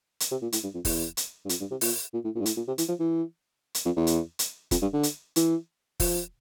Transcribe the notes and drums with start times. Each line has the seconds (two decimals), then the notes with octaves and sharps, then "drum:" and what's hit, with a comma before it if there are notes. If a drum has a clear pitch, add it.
0.20 drum: hi-hat
0.31 C3
0.42 A#2
0.52 A2, drum: hi-hat
0.63 G2
0.74 F2
0.85 E2, drum: kick, open hi-hat
1.17 drum: hi-hat
1.45 G2
1.49 F2, drum: hi-hat
1.60 G2
1.71 C3
1.81 A#2, drum: open hi-hat
2.13 A#2
2.24 A2
2.35 A#2
2.40 G2
2.46 A2, drum: hi-hat
2.57 A#2
2.67 C3
2.78 E3, drum: hi-hat
2.88 F3
2.99 E3
3.75 drum: hi-hat
3.85 F2
3.96 E2
4.07 drum: hi-hat
4.39 drum: hi-hat
4.71 F2, drum: kick, hi-hat
4.82 G2
4.93 D3
5.03 drum: hi-hat
5.36 E3, drum: hi-hat
6.00 F3, drum: kick, open hi-hat